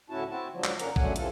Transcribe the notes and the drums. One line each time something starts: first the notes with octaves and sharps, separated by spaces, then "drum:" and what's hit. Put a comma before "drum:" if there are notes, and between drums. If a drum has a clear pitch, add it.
D2 A2 C#4 E4 F#4 A5
C4 E4 F#4 A5
G#2 D3 F3 F#3
drum: clap
F#2 D3 A#3 C#4 A#4 F#5, drum: hi-hat
F#2 D3 F#3 A3 F#5 G#5, drum: kick A#1
C3 E3 F4 A4, drum: hi-hat